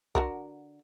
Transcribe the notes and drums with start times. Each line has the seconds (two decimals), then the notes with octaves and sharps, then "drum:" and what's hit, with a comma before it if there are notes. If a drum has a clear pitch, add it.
0.15 D3 F#4 A#4, drum: kick